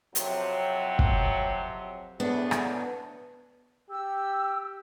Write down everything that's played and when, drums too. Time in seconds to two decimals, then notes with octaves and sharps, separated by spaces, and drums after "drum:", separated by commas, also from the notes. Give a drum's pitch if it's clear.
0.15 F2 C3 F#3, drum: hi-hat
0.99 drum: kick
2.20 E2 A2 B3 D4
2.51 drum: rim click
3.90 G4 E6